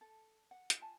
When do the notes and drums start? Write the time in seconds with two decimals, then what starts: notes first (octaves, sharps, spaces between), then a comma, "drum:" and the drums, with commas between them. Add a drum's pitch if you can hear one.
0.01 A4
0.51 F#5
0.70 drum: hi-hat
0.79 F4 E5 G#5 A5